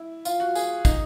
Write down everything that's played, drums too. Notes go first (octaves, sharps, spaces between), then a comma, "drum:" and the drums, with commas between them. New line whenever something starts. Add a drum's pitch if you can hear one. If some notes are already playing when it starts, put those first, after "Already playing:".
Already playing: E4
F4, drum: tambourine
F#4
G#4, drum: tambourine
D#4, drum: kick, tambourine